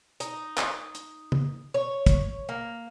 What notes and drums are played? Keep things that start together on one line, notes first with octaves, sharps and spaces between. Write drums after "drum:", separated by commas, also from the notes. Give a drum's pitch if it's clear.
D#4, drum: hi-hat
drum: clap
drum: hi-hat
drum: tom
C#5
drum: kick, hi-hat
A#3